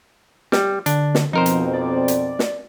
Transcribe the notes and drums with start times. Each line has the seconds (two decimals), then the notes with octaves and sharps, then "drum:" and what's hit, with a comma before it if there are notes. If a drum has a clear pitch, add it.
0.52 G3, drum: snare
0.86 D3 D4, drum: hi-hat
1.15 drum: snare
1.33 F2 B2 F3 C4 D#4 A#4 C5
1.46 drum: hi-hat
1.73 D5
2.08 drum: hi-hat
2.39 drum: snare